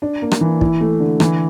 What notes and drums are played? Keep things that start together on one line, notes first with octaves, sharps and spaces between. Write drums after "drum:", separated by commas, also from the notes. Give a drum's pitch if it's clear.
D4
A#3
drum: rim click
E3
E4, drum: kick
A3
D3
E3, drum: rim click